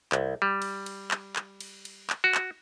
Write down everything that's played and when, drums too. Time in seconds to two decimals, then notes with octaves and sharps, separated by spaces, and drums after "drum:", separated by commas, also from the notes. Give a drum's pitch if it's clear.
0.12 C2, drum: clap
0.42 G3
0.62 drum: cymbal
0.86 drum: cymbal
1.11 drum: clap
1.36 drum: clap
1.61 drum: cymbal
1.85 drum: cymbal
2.10 drum: clap
2.24 F#4
2.35 drum: clap